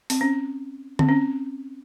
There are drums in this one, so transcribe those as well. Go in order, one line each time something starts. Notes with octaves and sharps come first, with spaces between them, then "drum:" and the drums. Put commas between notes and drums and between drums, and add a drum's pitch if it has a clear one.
C4, drum: open hi-hat
C#4
C4, drum: tom D3
C#4